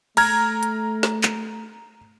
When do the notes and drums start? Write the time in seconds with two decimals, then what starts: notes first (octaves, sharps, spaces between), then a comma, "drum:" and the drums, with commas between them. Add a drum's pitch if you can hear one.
0.17 A3 A#5 F6 G#6, drum: cymbal
0.63 drum: hi-hat
1.03 drum: snare
1.23 drum: clap